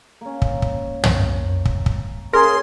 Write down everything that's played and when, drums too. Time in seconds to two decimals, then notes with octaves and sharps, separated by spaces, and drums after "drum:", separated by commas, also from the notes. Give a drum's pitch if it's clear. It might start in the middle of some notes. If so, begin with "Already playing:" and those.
0.21 A#3 C#4
0.42 drum: kick
0.62 drum: kick
1.04 drum: tom
1.65 drum: kick
1.86 drum: kick
2.33 C#3 G#4 A#4 C6